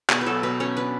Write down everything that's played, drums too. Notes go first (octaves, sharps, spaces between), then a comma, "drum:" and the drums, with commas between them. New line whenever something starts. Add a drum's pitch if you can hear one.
B2 G#4, drum: clap
B4
F#3 A4
B2 B4
C#4 C#5
D4 B4